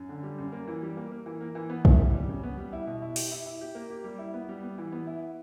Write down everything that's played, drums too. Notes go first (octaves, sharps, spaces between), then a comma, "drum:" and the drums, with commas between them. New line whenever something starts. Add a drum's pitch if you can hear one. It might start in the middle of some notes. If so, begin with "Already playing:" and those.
Already playing: F#2
D3
G3
F#2
A#3
E3
G3
A#3
A#3
E3
A#3
E3
B3
E4, drum: kick
G3
G3
C#3
B3
G3
E4
B2
E4
G4, drum: open hi-hat
E4
E4
G4
A#3
G4
G3
E4
B3
G3
B3
E3
B3
E4